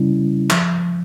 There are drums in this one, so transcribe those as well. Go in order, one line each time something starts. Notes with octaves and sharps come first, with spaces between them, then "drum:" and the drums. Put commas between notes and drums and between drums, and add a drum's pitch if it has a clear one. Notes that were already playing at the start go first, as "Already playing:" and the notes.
Already playing: C#3 G3 C#4 E4
F3, drum: clap